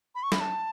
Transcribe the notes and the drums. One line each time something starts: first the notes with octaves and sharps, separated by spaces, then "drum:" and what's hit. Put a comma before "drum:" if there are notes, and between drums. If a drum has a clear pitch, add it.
B5
C#6
B5, drum: snare
A5